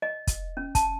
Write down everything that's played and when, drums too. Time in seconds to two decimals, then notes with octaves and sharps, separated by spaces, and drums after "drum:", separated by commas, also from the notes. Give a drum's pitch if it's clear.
0.02 D#5
0.27 drum: kick, hi-hat
0.57 C#4
0.75 A5, drum: kick, hi-hat